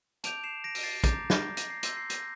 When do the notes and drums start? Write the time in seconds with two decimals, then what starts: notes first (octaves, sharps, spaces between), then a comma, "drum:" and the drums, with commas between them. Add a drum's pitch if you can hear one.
0.24 A5 D6 G6 D7 F7, drum: hi-hat
0.44 C7 E7
0.64 A#6 D7
0.75 D7, drum: open hi-hat
0.83 A6 C7
1.04 A#5 D6 G6 A6, drum: kick, hi-hat
1.30 G6 A#6, drum: snare
1.57 A#6, drum: hi-hat
1.70 C7
1.83 C6 E6 G6 A#6, drum: hi-hat
1.97 C7
2.10 G6 A#6, drum: hi-hat